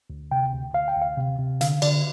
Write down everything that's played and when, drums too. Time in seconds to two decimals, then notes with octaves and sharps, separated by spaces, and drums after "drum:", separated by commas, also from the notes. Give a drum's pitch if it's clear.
0.10 D2
0.31 C3 G5
0.53 D2
0.74 D2 F5
0.88 G5
0.96 D2
1.02 F5
1.17 C3
1.39 C3
1.61 D3 F5, drum: hi-hat
1.82 D3 D5, drum: cymbal